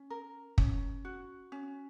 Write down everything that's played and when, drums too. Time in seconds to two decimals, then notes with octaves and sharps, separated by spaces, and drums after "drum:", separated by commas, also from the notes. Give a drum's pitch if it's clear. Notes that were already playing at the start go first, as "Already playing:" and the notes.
Already playing: C#4
0.10 A#4
0.58 C#4, drum: kick
1.05 F#4
1.52 C#4